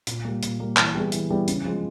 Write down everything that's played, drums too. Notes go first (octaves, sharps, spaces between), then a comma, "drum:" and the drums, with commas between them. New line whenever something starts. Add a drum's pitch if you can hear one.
A#2, drum: hi-hat
G3 A#3
A#2, drum: hi-hat
G3 A#3
E3, drum: clap
G3 B3 E4 G#4
E3, drum: hi-hat
G3 B3 E4 G#4
C#3, drum: hi-hat
F3 G#3